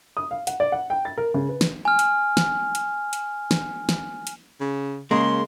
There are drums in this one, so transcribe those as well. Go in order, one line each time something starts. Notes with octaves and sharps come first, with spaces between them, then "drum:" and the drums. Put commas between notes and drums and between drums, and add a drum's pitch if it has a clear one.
D#6
F5
F#5, drum: hi-hat
D5
F#5
G5
A6
A#4
C#3
B4
drum: snare
G#5 F6
drum: hi-hat
drum: snare
drum: hi-hat
drum: hi-hat
drum: snare
drum: snare
drum: hi-hat
C#3
C#3 G#3 A#3 C6